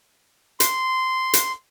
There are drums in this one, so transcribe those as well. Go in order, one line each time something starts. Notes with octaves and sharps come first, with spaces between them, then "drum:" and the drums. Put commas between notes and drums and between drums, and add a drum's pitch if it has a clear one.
C6, drum: hi-hat
drum: hi-hat